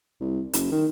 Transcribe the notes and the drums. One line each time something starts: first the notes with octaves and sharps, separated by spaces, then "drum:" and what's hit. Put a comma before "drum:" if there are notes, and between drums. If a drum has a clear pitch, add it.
C2
F#1, drum: hi-hat
D#3